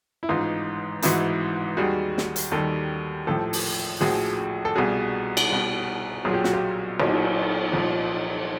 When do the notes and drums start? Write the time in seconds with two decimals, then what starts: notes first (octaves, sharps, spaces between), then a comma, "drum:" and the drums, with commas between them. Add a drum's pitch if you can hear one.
0.23 E4
0.29 A1 G#2 E3 D#4 F4
1.02 A1 G#2 E3 E4 F#4, drum: hi-hat
1.77 D#2 D#3 G3 F#4 G#4
2.18 drum: snare
2.36 drum: hi-hat
2.51 D#2 D#3 G3 G4 A4
3.27 A#1 A2 F3 G4 A4
3.53 drum: open hi-hat
4.01 A#1 A2 F3 F#4 G#4
4.65 A4
4.76 C2 B2 G3 F#4 G#4
5.37 drum: cymbal
5.50 C2 B2 G3
6.25 B1 A#2 F#3 G#4
6.34 G4
6.44 F#4, drum: snare
6.53 F4 G4
7.00 B1 A#2 F#3, drum: cymbal
7.73 C2 A#2 F3